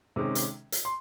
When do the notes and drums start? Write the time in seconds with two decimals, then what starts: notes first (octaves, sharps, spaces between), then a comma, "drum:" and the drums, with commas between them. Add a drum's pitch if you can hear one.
0.16 C3 D#3 G#3 C#4
0.35 drum: hi-hat
0.72 drum: hi-hat
0.85 C6